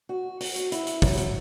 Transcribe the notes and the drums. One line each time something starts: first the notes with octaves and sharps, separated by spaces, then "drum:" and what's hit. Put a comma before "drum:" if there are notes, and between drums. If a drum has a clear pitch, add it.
F#4
F#4, drum: open hi-hat
drum: hi-hat
E4, drum: hi-hat
drum: hi-hat
F#3, drum: kick, open hi-hat
drum: hi-hat